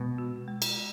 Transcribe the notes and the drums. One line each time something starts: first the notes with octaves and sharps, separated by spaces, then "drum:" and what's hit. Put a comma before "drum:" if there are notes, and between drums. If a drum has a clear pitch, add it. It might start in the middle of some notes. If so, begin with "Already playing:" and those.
Already playing: B2 G#3
F#4
G#3
drum: cymbal